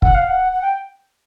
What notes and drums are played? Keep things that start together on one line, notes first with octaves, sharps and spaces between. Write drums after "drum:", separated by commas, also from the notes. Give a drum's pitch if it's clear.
F#5, drum: kick
F5
F#5
F#5
G5